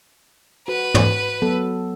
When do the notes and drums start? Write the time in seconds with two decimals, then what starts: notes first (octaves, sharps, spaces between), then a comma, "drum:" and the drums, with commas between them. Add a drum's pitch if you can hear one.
0.68 F#4 B4
0.94 drum: tom
1.42 F#3 B3 A4